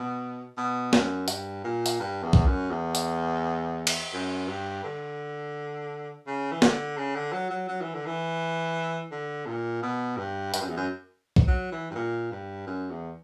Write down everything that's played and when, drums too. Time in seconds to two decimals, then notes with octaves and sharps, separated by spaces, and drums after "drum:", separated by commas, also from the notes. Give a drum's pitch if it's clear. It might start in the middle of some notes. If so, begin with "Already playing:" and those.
Already playing: B2
0.58 B2
0.93 F#2, drum: snare
1.28 G2, drum: hi-hat
1.64 A#2
1.86 drum: hi-hat
2.00 G2
2.23 E2
2.33 drum: kick
2.47 F#2
2.70 E2
2.95 drum: hi-hat
3.87 drum: cymbal
4.13 F#2
4.48 G2
4.84 D3
6.27 C#3
6.52 E3
6.62 D3, drum: snare
6.97 C#3
7.15 D3
7.32 F#3
7.50 F#3
7.68 F#3
7.82 E3
7.94 D3
8.06 E3
9.11 D3
9.46 A#2
9.83 B2
10.17 G2
10.54 G2, drum: hi-hat
10.61 F#2
10.69 E2
10.76 F#2
11.36 drum: kick
11.47 F#3
11.72 E3
11.91 G2
11.95 A#2
12.31 G2
12.67 F#2
12.90 E2